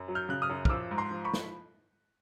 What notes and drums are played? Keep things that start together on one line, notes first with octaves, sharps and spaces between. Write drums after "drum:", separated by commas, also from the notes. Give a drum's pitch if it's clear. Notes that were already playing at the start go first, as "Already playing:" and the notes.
Already playing: F#2
F#3
F6 G6
C#3 F#6
D#6 F6
F#2
F6, drum: kick
F3 D6 E6
G#2
A#5 C6
F3
B5 C#6
drum: snare